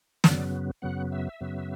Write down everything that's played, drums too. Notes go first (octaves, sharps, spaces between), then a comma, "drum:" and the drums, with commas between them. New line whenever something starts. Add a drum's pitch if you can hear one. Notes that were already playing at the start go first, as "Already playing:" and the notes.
F#2 C#3 F#3 B3 D5, drum: snare
F#2 C#3 F#3 B3 F#5
E5
F#2 C#3 F#3 B3